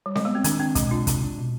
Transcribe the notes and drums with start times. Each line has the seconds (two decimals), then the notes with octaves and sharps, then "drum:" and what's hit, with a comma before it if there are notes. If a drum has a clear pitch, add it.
0.06 G3
0.16 G#3, drum: snare C4
0.25 B3
0.35 C4
0.44 D#3 D4, drum: hi-hat
0.60 C4 D4
0.75 B2 G#3, drum: kick, hi-hat
0.91 D4 F4
1.07 C3, drum: kick, hi-hat
1.22 D4
1.38 B2